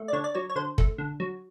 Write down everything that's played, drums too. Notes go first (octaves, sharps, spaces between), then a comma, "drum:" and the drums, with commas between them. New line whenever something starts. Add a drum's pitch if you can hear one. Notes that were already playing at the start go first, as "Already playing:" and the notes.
Already playing: A3
D5
D3 C#5
D5
F#3 C#5
C#5
D3 C5
A3, drum: kick
D3
F#3